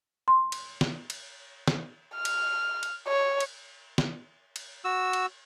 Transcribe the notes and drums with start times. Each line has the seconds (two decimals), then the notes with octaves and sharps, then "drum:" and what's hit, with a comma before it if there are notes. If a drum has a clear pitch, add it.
0.28 C6
0.52 drum: cymbal
0.81 drum: snare
1.10 drum: cymbal
1.68 drum: snare
2.16 F6
2.25 drum: cymbal
2.83 drum: cymbal
3.08 C#5
3.40 drum: cymbal
3.98 drum: snare
4.56 drum: cymbal
4.85 F#4 E6
5.13 drum: cymbal